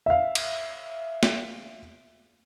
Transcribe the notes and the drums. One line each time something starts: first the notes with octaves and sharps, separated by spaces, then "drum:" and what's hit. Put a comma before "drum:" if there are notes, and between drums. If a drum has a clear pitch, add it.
E5 F5
drum: cymbal
drum: snare